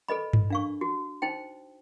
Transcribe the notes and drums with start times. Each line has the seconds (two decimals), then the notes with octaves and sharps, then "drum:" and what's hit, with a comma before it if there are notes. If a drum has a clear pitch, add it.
0.08 A4 B4 D#5 B5
0.33 drum: tom G2
0.50 D4 F5 C#6
0.81 F#4
1.22 D#4 C5 G5